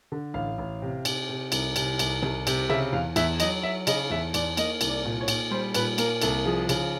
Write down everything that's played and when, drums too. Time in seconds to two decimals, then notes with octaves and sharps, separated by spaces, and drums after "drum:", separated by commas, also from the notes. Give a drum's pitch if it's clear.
0.12 D3
0.34 A1 F5
0.58 A1
0.82 C3
1.05 C3, drum: cymbal
1.29 C3
1.52 C2, drum: cymbal
1.76 C3, drum: cymbal
1.99 C2, drum: cymbal
2.22 C2, drum: tom C3
2.47 C3, drum: cymbal
2.69 C#3 E5, drum: tom C3
2.93 E2 F5
3.16 E2 E5, drum: cymbal
3.40 F#3 D#5, drum: cymbal
3.63 F#3 E5
3.87 C#3 D#5, drum: cymbal
4.10 E2 E5
4.34 E2 D5, drum: cymbal
4.57 A#3 D#5, drum: cymbal
4.81 C2, drum: cymbal
4.89 D5
5.05 A#2
5.21 C#5
5.28 A#2, drum: cymbal
5.51 G3 C5
5.75 A#2 B4, drum: cymbal
5.98 A#3 A#4, drum: cymbal
6.22 C2 A4, drum: cymbal
6.45 F3 G#4
6.69 C#3, drum: cymbal